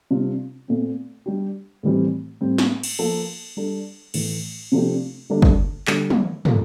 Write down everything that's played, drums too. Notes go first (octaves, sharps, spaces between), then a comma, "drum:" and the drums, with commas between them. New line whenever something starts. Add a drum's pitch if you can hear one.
C3 G3 D4 F4
A#2 A3 C4
G3 D4 G4
A2 E3 G3 C4 G4
A2 G3 C4
drum: snare
drum: cymbal
F3 A#3 F4 A4
G3 D4 A4
A2 E3 A3, drum: cymbal
C3 F3 A3 D4 G4
D3 G3 A#3 D4 A4
drum: kick
D3 G3 D4 G4, drum: clap
drum: tom
G3 A#3 F4 A4, drum: tom